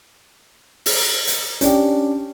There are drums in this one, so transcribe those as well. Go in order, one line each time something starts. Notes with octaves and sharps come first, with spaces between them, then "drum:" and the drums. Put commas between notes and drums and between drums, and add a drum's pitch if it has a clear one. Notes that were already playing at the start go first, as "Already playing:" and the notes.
drum: open hi-hat
drum: hi-hat
C#4 D4 G4, drum: hi-hat